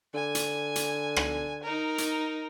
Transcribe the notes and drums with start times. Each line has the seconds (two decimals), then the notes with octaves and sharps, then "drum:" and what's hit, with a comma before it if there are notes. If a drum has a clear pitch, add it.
0.14 D3 G#5
0.35 drum: hi-hat
0.76 drum: hi-hat
1.16 drum: rim click
1.63 D#4 A#4
1.98 drum: hi-hat